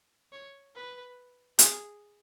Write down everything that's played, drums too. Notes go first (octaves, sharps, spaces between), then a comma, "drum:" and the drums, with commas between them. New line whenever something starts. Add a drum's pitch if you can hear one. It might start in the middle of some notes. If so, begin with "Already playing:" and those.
C#5
B4
G#4, drum: hi-hat